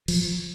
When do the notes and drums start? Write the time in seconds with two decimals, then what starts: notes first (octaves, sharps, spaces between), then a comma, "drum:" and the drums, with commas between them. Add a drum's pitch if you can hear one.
0.08 F3, drum: cymbal